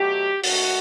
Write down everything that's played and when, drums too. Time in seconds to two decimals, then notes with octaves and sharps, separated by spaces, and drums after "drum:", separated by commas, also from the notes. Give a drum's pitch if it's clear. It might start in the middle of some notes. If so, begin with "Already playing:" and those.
Already playing: B2 F#3 A3 G4
0.44 D#2 D#3 A3 F#4, drum: open hi-hat